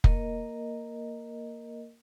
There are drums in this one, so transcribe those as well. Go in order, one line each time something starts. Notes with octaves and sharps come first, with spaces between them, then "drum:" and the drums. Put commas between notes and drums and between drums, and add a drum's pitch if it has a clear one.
A#3 A#4 D#5, drum: kick F1